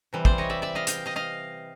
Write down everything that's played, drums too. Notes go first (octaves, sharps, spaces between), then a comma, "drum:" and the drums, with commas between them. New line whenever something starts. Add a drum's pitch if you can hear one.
C3 E3 G3
C5 D5, drum: kick
C#5 D#5
D5 E5
D5 E5
D#5 F5
F5 G5, drum: hi-hat
D#5 F5
D#5 F5